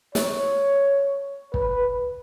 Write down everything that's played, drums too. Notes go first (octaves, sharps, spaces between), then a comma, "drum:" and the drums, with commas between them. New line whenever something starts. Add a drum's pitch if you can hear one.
C#5, drum: snare
B4, drum: kick